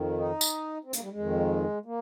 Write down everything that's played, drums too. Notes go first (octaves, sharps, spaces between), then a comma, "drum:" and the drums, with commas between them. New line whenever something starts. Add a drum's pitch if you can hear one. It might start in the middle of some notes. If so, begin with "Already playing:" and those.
Already playing: F2 D#3
D#4
drum: tambourine
C4
A#3, drum: hi-hat
G3
G#3
F2 D#3
A#3